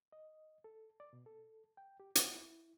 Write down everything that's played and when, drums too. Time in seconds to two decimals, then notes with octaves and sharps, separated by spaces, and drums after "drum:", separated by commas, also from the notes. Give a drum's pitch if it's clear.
0.12 D#5
0.64 A4
1.00 D5
1.13 B2
1.26 A4
1.77 G5
2.00 G4
2.15 F#5, drum: hi-hat
2.35 E4